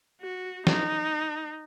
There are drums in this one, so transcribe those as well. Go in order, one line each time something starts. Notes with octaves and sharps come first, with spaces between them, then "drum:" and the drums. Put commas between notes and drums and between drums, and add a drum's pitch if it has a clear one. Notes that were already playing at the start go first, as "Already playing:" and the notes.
F#4
D#4, drum: snare